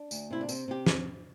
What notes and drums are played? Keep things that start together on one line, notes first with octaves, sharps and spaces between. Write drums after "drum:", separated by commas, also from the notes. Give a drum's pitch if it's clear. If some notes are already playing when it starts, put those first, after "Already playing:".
Already playing: D4
D2, drum: tambourine
C3 E4
D4
C3 C4, drum: tambourine
C3 G4
drum: snare